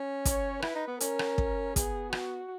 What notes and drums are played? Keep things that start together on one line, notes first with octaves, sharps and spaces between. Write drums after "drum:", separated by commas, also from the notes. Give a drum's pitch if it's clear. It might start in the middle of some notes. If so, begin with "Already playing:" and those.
Already playing: C#4
C#5, drum: kick, hi-hat
E4 B4, drum: rim click
D#4
B3
C#4 A#4, drum: hi-hat
drum: rim click
drum: kick
B3 G#4, drum: kick, hi-hat
F#4, drum: rim click